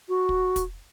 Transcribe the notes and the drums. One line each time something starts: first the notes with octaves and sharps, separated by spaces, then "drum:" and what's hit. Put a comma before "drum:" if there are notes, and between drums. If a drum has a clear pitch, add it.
F#4
drum: kick
drum: kick, hi-hat